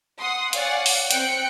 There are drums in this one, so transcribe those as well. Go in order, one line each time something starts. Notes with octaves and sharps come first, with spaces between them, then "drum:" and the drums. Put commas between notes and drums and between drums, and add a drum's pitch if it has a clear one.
F#5 C6 D#6
C#5 D5 F5 F#5 G#5, drum: hi-hat
drum: open hi-hat
C4 G5 F#6 G6 C#7 D7, drum: hi-hat